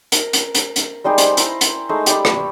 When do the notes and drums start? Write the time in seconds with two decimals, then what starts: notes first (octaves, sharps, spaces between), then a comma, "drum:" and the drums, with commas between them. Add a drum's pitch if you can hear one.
0.12 A#4, drum: hi-hat
0.33 drum: hi-hat
0.55 drum: hi-hat
0.76 drum: hi-hat
1.04 G3 G#3 D#4 G4
1.18 C5 G5 G#5, drum: hi-hat
1.37 E4 C5 A#5, drum: hi-hat
1.61 drum: hi-hat
1.89 G#3 A3 D#4
2.06 G4 D5 B5, drum: hi-hat
2.25 drum: rim click